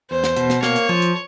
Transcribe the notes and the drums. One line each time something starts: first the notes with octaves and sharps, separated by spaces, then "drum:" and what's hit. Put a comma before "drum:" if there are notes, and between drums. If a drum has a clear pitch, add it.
E2 C5
drum: snare
B2, drum: hi-hat
drum: snare
A#3 C#5, drum: snare
drum: hi-hat
F3, drum: tom F3
drum: hi-hat